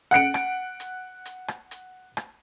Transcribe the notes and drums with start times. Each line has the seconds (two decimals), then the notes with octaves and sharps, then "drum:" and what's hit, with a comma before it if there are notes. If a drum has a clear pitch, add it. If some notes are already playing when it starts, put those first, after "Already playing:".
0.11 F#5 F#6 C#7 D7
0.34 drum: rim click
0.80 drum: hi-hat
1.25 drum: hi-hat
1.48 drum: rim click
1.71 drum: hi-hat
2.17 drum: rim click